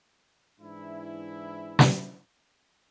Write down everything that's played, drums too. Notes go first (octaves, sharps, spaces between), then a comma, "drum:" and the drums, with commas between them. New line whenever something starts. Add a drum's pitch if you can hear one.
G#2 E3 D4 E4
drum: snare